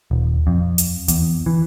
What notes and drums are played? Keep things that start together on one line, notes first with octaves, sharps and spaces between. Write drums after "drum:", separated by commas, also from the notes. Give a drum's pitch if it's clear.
D#1
F2
drum: hi-hat
E2, drum: hi-hat
E3